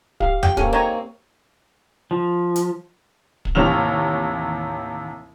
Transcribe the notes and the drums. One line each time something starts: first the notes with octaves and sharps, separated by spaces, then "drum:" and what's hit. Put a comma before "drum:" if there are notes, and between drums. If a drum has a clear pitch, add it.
G4 F5, drum: kick
G5, drum: tom F2
A#3 C4 C#4 G4 A4, drum: kick
D#3 C#5 G#5 A#5
F3
drum: hi-hat
drum: kick
A1 D#2 C3 C#5 F6 F7